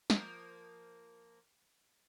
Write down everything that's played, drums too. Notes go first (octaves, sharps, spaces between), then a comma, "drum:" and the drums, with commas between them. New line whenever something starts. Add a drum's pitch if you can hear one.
F3 A#3, drum: snare